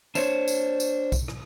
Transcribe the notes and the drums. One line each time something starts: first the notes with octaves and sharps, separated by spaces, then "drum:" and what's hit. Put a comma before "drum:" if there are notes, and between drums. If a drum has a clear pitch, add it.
D4 C5 C#5, drum: tambourine
drum: tambourine
drum: tambourine
drum: kick B1, tambourine
drum: rim click